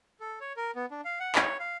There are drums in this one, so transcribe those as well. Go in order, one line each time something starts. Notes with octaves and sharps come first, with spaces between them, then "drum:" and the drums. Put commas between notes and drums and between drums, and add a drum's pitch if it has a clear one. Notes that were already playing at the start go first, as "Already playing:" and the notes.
A4
C#5
A#4
B3
D4
F5
F#5
C#5, drum: clap
F5